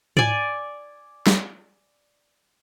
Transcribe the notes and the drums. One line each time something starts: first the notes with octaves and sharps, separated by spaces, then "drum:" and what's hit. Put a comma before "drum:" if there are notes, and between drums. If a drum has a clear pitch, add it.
D5 G#5, drum: tom G#2
drum: snare